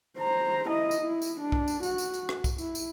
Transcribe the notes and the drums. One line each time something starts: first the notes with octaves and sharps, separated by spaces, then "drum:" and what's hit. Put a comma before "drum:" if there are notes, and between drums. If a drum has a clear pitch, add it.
C5 A#5
E4 D#5
drum: tambourine
E4
drum: tambourine
D4
drum: kick
drum: tambourine
F#4, drum: tambourine
drum: tambourine
drum: tambourine
drum: rim click
drum: kick, tambourine
E4, drum: tambourine
drum: tambourine